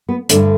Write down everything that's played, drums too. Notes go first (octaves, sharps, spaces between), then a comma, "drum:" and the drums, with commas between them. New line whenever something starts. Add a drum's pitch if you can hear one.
B3
G2 D3 A3 D4, drum: hi-hat